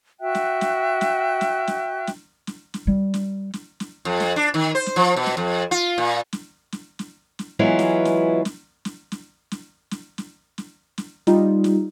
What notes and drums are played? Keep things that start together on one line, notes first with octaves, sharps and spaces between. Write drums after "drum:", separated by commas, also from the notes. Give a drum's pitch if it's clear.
F#4 E5 G5 F#6
drum: snare
drum: snare
drum: snare
drum: snare
drum: snare
drum: snare
drum: snare
drum: snare
G3
drum: snare
drum: snare
drum: snare
F2
drum: snare
D4
D#3
C5
drum: snare
F3
B2
drum: snare
F2
F4
A#2
drum: snare
drum: snare
drum: snare
drum: snare
E3 F#3 G#3 B3 E4 F4
drum: snare
drum: snare
drum: snare
drum: snare
drum: snare
drum: snare
drum: snare
drum: snare
drum: snare
drum: snare
G3 D#4 F4, drum: snare
drum: snare